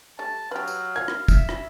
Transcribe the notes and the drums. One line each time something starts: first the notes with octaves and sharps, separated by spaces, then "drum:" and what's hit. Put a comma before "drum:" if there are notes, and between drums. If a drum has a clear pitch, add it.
G3 A3 A5
F#3 G4 B4 F5
drum: tambourine
A#3 F4 G#6
drum: rim click
E5, drum: kick, tambourine
drum: rim click